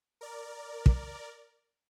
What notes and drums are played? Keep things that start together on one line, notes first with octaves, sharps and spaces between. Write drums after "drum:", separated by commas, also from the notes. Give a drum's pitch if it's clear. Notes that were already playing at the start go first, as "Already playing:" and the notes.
A#4 D5
drum: kick